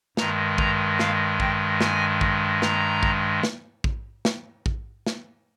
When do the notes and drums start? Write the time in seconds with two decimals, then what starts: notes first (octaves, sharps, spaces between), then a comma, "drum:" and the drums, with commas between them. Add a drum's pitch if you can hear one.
0.17 G2 D#3 G#3 A#5, drum: snare
0.58 A#5, drum: kick A1
0.99 F5, drum: snare
1.40 G5, drum: kick A1
1.81 G#5, drum: snare
2.21 drum: kick A1
2.62 A#5, drum: snare
3.03 drum: kick A1
3.43 drum: snare
3.84 drum: kick A1
4.25 drum: snare
4.66 drum: kick A1
5.07 drum: snare